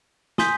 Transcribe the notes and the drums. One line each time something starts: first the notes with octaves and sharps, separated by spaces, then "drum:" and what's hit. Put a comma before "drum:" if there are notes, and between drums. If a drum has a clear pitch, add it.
G#5 C6 D#6 G6 B6, drum: snare